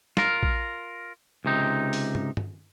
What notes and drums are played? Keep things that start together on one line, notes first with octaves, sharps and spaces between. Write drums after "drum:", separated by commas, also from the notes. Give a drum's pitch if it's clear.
F4 A#4, drum: snare
drum: kick A#1
C#2 C3 D#4
drum: open hi-hat
drum: tom
drum: tom